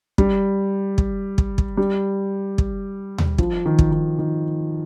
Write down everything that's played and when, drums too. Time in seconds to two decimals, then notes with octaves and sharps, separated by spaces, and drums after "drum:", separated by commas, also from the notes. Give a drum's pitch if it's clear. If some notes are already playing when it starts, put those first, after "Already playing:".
0.18 G3, drum: kick
0.98 drum: kick
1.38 drum: kick
1.58 drum: kick
1.77 G3
2.58 drum: kick
3.18 drum: tom D#2
3.38 F3, drum: kick
3.66 D#3
3.79 drum: kick
3.91 D#3
4.19 D#3